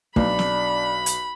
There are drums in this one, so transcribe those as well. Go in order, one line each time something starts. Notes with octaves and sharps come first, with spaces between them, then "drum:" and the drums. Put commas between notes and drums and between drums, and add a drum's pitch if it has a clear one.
B1 D4 B5, drum: kick
drum: snare
drum: hi-hat